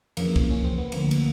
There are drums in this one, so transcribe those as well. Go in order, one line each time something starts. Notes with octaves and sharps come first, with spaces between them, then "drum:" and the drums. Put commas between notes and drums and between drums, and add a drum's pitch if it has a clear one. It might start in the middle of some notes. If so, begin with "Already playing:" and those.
F2 C#3 E3 A#3, drum: cymbal
drum: kick
C#4
C4
B3
D2 D3 F3 A#3, drum: cymbal
drum: cymbal